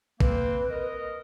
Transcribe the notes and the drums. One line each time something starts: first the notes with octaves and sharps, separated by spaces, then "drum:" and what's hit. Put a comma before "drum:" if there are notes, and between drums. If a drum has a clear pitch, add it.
A#3 C4 B4, drum: kick
A#4 D#5